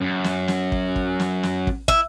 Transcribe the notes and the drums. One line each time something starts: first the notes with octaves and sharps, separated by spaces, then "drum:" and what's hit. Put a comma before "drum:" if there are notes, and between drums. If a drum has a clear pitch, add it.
F#2
drum: snare
drum: snare
drum: kick
drum: kick
drum: snare
drum: snare
drum: kick
E4, drum: kick